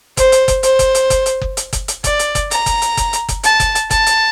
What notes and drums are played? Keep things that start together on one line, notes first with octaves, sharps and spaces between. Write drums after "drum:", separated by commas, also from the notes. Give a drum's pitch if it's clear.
C5, drum: kick F#1, hi-hat
drum: hi-hat
drum: kick F#1, hi-hat
C5, drum: hi-hat
drum: kick F#1, hi-hat
drum: hi-hat
drum: kick F#1, hi-hat
drum: hi-hat
drum: kick F#1
drum: hi-hat
drum: kick F#1, hi-hat
drum: hi-hat
D5, drum: kick F#1, hi-hat
drum: hi-hat
drum: kick F#1, hi-hat
A#5, drum: hi-hat
drum: kick F#1, hi-hat
drum: hi-hat
drum: kick F#1, hi-hat
drum: hi-hat
drum: kick F#1, hi-hat
A5, drum: hi-hat
drum: kick F#1, hi-hat
drum: hi-hat
A5, drum: kick F#1, hi-hat
drum: hi-hat